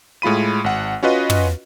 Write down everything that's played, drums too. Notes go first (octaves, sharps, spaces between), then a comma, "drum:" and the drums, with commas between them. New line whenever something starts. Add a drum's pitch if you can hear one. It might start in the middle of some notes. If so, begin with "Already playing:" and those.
A2 G#3 F4 B5 D#7
G#1 F#5
C#4 F4 F#4 B4 D#5
drum: tom